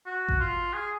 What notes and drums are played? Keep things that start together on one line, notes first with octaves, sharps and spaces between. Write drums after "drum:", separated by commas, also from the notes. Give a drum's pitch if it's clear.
F#4
drum: kick G#1
F4
G#4